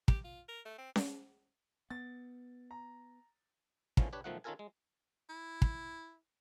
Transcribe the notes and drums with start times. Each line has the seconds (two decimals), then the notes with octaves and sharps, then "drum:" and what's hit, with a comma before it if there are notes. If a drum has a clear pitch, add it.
0.08 G4, drum: kick
0.24 F4
0.49 A#4
0.66 A3
0.78 C4
0.96 drum: snare C#4
1.90 B3 A6
2.71 A#5
3.97 A#2 D3 E3 F3 B3 C#4, drum: kick
4.13 D4 G4 B4 C#5
4.24 B1 D#3 F3 A3 D#4 F#5
4.44 D#3 C#4 F4 A4 A#4 G#5
4.59 G#3
5.29 E4
5.62 drum: kick